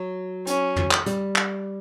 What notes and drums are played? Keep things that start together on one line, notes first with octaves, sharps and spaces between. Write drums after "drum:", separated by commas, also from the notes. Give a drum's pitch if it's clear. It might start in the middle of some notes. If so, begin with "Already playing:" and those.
Already playing: F#3
C#4, drum: hi-hat
drum: tom F2
drum: clap
G3, drum: hi-hat
drum: clap